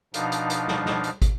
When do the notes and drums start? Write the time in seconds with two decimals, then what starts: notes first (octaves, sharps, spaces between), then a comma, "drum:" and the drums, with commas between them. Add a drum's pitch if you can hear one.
0.14 B2 F3 D4 D#4 F5, drum: hi-hat
0.32 drum: hi-hat
0.50 drum: hi-hat
0.68 drum: snare
0.86 drum: snare
1.04 drum: hi-hat
1.22 drum: kick, hi-hat